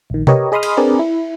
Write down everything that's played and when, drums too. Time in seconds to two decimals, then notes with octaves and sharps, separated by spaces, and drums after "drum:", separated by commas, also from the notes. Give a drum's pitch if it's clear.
0.10 A#1 D#3
0.27 G4 A#4 B4 C#5 D#5, drum: tom C3
0.52 G#4 D#5 B5 C6 D#6 F6
0.63 drum: cymbal
0.77 C4 D4 G#4 A#4 B4 D5
0.99 E4